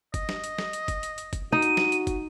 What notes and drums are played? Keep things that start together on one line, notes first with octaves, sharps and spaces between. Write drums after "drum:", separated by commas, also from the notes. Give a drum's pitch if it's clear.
D#5, drum: kick, hi-hat
drum: snare
drum: hi-hat
drum: snare
drum: hi-hat
drum: kick, hi-hat
drum: hi-hat
drum: hi-hat
drum: kick, hi-hat
D#4 F#4 D#7
drum: hi-hat
drum: snare
drum: hi-hat
drum: kick, hi-hat